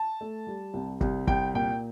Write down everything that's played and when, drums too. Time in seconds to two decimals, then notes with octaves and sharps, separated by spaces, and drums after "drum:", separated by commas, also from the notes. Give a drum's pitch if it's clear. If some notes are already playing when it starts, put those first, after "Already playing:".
Already playing: A5
0.21 A3
0.47 G3
0.74 C2
1.01 C2, drum: kick
1.27 C2 G5, drum: kick
1.54 A#2 G5